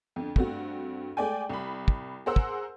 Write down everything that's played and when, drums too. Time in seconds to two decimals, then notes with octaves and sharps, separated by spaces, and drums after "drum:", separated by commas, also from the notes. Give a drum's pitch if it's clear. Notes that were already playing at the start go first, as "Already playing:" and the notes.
0.16 F2 D3
0.36 G2 A3 C4 F#4, drum: kick
1.17 G#3 A3 D5 G5 G#5
1.49 C2 B5
1.88 drum: kick
2.26 G#4 A#4 C5 F#5 E6
2.36 drum: kick